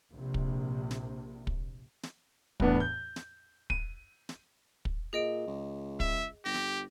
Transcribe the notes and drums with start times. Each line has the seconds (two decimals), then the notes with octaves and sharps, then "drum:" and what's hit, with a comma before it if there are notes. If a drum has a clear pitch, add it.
0.11 A#1 C3
0.34 drum: kick
0.91 drum: snare
1.47 drum: kick
2.03 drum: snare
2.60 E2 A2 B3 D4, drum: kick
2.80 G6
3.16 drum: snare
3.70 D#7, drum: kick
4.29 drum: snare
4.85 drum: kick
5.13 A#2 G#4 D#5 D7
5.47 C#2
6.00 E5, drum: kick
6.45 G1 G4 A#6
6.54 drum: snare